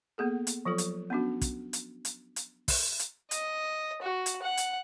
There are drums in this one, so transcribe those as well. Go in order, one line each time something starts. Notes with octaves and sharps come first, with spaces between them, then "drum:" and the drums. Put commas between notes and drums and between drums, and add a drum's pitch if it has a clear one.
A#3 B3 G#4 A4
drum: hi-hat
F3 F#3 F4 A4
drum: hi-hat
B3 C#4 D4 F#4
drum: kick, hi-hat
drum: hi-hat
drum: hi-hat
drum: hi-hat
drum: kick, open hi-hat
drum: hi-hat
D#5, drum: hi-hat
F#4
drum: hi-hat
F#5
drum: hi-hat